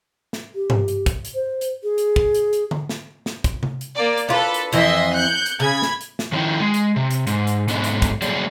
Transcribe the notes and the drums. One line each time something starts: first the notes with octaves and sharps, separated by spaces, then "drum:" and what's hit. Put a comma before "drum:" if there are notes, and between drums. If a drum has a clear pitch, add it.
drum: snare
G4
drum: tom G2
drum: hi-hat
drum: kick, hi-hat
drum: hi-hat
C5
drum: hi-hat
G#4
drum: hi-hat
drum: kick
drum: hi-hat
drum: hi-hat
drum: tom D3
drum: snare
drum: snare
drum: kick, hi-hat
drum: tom C3
drum: hi-hat
A#3 D5
drum: hi-hat
D4 F4 A4 B4
drum: hi-hat
F2 E3 D#5 E5 C6, drum: hi-hat
F#6 G6 C#7
drum: hi-hat
C#3 B5 G#6
drum: snare
drum: hi-hat
drum: snare
D#3 F3 E4 D5 G5
G#3
drum: hi-hat
C3
drum: hi-hat
G#2, drum: hi-hat
drum: hi-hat
G#2 B3 D4 D#5, drum: hi-hat
drum: hi-hat
drum: kick, hi-hat
D3 F#3 G3 A#3 G#4 D5, drum: hi-hat